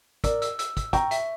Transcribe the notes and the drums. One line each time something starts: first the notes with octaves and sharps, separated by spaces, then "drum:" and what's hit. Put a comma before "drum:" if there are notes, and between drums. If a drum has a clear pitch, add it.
A#4 D5 E6, drum: kick, hi-hat
E6, drum: hi-hat
E6, drum: hi-hat
E6, drum: kick, hi-hat
G5 A#5 C#6, drum: kick, hi-hat
E5, drum: hi-hat